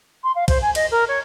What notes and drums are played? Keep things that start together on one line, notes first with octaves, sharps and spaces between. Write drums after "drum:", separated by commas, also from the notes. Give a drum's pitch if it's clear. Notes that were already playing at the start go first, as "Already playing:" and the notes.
C6
F5
C5, drum: kick B1, cymbal
G#5
D#5, drum: cymbal
A#4
C#5